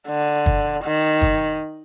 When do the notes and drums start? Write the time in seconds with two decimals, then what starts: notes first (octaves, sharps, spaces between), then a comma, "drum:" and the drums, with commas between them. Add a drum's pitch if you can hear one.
0.08 D3
0.46 drum: kick
0.84 D#3
1.22 drum: kick